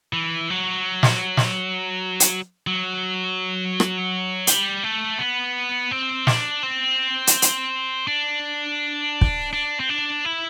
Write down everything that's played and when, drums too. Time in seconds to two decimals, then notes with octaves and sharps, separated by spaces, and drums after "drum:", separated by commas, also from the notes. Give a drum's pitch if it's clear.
0.13 E3
0.50 F#3
1.03 drum: snare
1.37 drum: snare
2.20 drum: hi-hat
2.67 F#3
3.80 drum: rim click
4.47 G3, drum: hi-hat
4.83 A3
5.18 B3
5.91 C4
6.27 D4, drum: snare
6.63 C4
7.27 drum: hi-hat
7.42 drum: hi-hat
8.07 D4
9.21 drum: kick
9.53 D4
9.80 C4
9.89 D4
10.25 E4